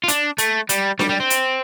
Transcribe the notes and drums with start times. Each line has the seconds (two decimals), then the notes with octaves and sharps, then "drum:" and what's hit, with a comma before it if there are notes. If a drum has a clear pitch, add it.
0.04 F4
0.08 D4, drum: hi-hat
0.38 A3, drum: hi-hat
0.69 G3, drum: hi-hat
0.99 G3, drum: snare D4
1.09 G3
1.20 C4
1.30 drum: hi-hat